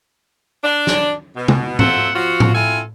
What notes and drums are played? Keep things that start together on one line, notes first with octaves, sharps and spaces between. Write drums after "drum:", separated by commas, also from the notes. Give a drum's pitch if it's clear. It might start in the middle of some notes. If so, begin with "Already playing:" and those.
D4
drum: snare
B2
drum: tom C3
F#3 F4 A4 C5 E5 F#5, drum: tom G#2
F3 F4 F#4
drum: tom A2
C4 E4 F4 A4 G#5